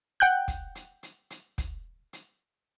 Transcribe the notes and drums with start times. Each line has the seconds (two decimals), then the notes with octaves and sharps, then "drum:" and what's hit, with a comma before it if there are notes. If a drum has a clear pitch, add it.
0.20 F#5 G5 F#6 G6
0.48 drum: kick, hi-hat
0.75 drum: hi-hat
1.03 drum: hi-hat
1.30 drum: hi-hat
1.58 drum: kick, hi-hat
2.13 drum: hi-hat